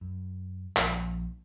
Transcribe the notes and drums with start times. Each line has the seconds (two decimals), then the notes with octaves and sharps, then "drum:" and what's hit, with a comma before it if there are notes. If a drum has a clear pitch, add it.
0.01 F#2
0.77 A#1, drum: clap